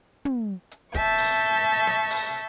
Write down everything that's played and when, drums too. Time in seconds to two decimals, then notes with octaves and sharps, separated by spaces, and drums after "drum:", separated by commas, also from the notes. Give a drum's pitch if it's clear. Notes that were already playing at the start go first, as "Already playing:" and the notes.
0.25 drum: tom
0.71 drum: hi-hat
0.95 E5 A5 C#6 G6, drum: kick
1.18 drum: open hi-hat
1.64 drum: hi-hat
1.87 drum: snare
2.10 drum: open hi-hat